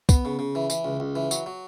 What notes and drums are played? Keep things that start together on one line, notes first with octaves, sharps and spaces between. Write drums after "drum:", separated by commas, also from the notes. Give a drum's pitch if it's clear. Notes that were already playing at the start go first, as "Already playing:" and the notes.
B3, drum: kick, tambourine
C#3
C#3
E3
E3, drum: tambourine
C#2
C#2
E3
F#3, drum: tambourine
F#3